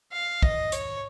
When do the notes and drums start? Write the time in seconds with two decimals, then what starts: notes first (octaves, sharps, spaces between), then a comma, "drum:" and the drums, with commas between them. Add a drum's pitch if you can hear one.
0.12 F5
0.42 D#5, drum: kick
0.72 C#5, drum: hi-hat